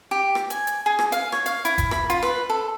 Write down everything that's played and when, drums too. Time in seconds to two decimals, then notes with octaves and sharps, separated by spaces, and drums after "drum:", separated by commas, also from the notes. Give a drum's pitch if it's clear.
0.11 G4
0.35 drum: rim click
0.50 G#5, drum: hi-hat
0.67 drum: hi-hat
0.86 G#4
0.99 drum: rim click
1.12 F5, drum: hi-hat
1.32 C#5, drum: rim click
1.46 F5, drum: hi-hat
1.65 E4, drum: hi-hat
1.78 drum: kick F#1, hi-hat
1.91 B5, drum: rim click
2.10 F4, drum: hi-hat
2.23 B4, drum: rim click
2.50 A4